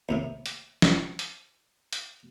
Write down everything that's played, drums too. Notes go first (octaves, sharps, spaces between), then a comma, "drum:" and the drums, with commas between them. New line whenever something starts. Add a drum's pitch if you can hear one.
D#2 A2 C3
drum: hi-hat
drum: snare
drum: hi-hat
drum: hi-hat